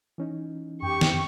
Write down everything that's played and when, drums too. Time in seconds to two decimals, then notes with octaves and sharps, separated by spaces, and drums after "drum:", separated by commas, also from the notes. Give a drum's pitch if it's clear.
0.18 E3 C#4 D#4
0.82 F#2 G4 C#6
1.01 drum: snare